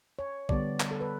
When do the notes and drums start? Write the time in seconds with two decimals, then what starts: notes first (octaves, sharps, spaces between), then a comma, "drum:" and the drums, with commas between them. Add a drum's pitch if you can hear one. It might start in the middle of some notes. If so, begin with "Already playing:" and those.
0.19 C#5
0.49 D3 G3 B3 D5, drum: kick
0.80 drum: clap
0.91 A4
1.01 B4